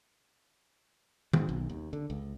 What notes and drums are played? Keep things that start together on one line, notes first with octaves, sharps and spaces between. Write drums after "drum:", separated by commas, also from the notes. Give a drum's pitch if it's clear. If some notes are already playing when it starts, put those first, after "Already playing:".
G#2, drum: tom
B1
D#2
D3
C#2